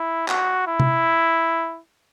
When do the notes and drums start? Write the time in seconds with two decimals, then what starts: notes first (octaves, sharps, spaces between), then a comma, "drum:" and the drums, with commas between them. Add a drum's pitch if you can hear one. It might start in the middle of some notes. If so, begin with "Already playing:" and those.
Already playing: E4
0.28 F#4, drum: clap
0.68 E4
0.80 drum: tom C3